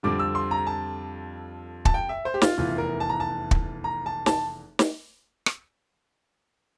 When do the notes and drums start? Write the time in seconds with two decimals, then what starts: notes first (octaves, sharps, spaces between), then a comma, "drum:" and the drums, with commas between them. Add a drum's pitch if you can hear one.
0.03 F2 D3 G3 C4 D6
0.19 E6
0.35 C6
0.51 A#5
0.67 A5
1.85 A5, drum: kick
1.94 G5
2.09 E5
2.25 C5
2.34 G4
2.42 F4, drum: snare
2.58 F1 E2 E3 F4
2.78 A#4
3.00 A5
3.09 A#5
3.20 A5
3.51 drum: kick
3.84 A#5
4.06 A5
4.26 A5, drum: snare
4.79 drum: snare
5.46 drum: rim click